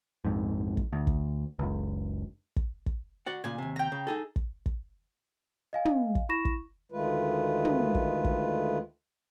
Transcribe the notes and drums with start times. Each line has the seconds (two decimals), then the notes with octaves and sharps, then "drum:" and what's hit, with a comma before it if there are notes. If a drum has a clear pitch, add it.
0.25 A#1 F2 G#2
0.77 drum: kick
0.93 D2
1.07 drum: kick
1.59 F#1 C#2
2.56 drum: kick
2.86 drum: kick
3.26 F#4 D5 F#5
3.44 A#2 C#3 G#5
3.58 D#2 C3
3.76 G5 A#5
3.92 C#3
4.07 D#4 G#4 A4
4.36 drum: kick
4.66 drum: kick
5.73 D#5 F5 G#5
5.85 drum: tom
6.15 drum: kick
6.29 E4 B5 C#6 A#6 E7
6.45 drum: kick
6.92 D2 D#3 G#3 A3 F4 B4
7.65 drum: tom
7.95 drum: kick
8.24 drum: kick